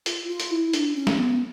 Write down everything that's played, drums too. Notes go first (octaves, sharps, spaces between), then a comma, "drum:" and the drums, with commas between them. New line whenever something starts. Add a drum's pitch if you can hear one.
F4, drum: hi-hat
F4
drum: hi-hat
E4
D4, drum: hi-hat
C#4
drum: snare
B3